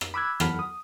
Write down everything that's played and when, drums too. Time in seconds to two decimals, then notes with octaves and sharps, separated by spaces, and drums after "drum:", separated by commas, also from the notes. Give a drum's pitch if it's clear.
0.01 drum: rim click
0.14 B5 D6 E6 F#6 G#6
0.40 E2 F#3 A4 F#5 B5 F6, drum: rim click
0.59 D#6